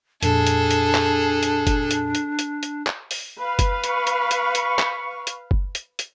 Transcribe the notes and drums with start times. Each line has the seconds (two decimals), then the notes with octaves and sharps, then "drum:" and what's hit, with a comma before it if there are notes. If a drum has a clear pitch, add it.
0.23 F2 A#2 D4 G#4 A4, drum: hi-hat
0.47 drum: hi-hat
0.71 drum: hi-hat
0.95 drum: clap
1.43 drum: hi-hat
1.67 drum: kick F#1, hi-hat
1.91 drum: hi-hat
2.15 drum: hi-hat
2.39 drum: hi-hat
2.63 drum: hi-hat
2.87 drum: clap
3.11 drum: open hi-hat
3.39 B4 F5
3.59 drum: kick F#1, hi-hat
3.84 B5 C#6, drum: hi-hat
4.07 drum: hi-hat
4.31 drum: hi-hat
4.55 drum: hi-hat
4.79 drum: clap
5.27 drum: hi-hat
5.51 drum: kick F#1
5.75 drum: hi-hat
5.99 drum: hi-hat